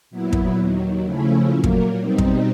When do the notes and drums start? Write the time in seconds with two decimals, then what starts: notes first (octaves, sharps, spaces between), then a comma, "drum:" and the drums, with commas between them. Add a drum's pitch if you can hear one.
0.11 A#2 F#3 B3 E4
0.33 drum: kick
0.57 D#2 D#3 F#3
1.04 C#3 F3 A3 C#4 E4
1.51 A#2 F#3 A#3
1.64 drum: kick
1.97 B2 G3 C4 D#4
2.18 drum: kick